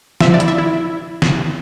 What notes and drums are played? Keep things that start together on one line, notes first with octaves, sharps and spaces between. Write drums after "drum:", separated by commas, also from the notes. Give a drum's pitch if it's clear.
F3 E5, drum: snare
D5
E4, drum: hi-hat
E5
E4
drum: snare